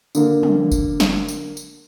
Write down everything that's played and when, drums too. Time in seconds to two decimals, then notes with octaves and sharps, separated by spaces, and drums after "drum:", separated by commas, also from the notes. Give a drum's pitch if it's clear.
0.15 D3 A#3, drum: tambourine
0.43 drum: tom
0.72 drum: kick F#1, tambourine
1.00 drum: snare
1.28 drum: tambourine
1.57 drum: tambourine